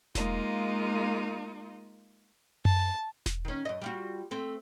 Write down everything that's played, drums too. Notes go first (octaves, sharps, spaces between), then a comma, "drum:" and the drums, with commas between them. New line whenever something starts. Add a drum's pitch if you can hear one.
G#3 A#3 D#4 F4, drum: snare E1
A5, drum: tom F#2
drum: snare E1
D#3 C#4
F#2 D#5
G3 F4 F#4
A3 C4